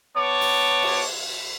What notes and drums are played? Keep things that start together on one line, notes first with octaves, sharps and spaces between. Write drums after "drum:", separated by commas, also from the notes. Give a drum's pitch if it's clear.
B3 C#5 A5 D6
drum: open hi-hat
drum: cymbal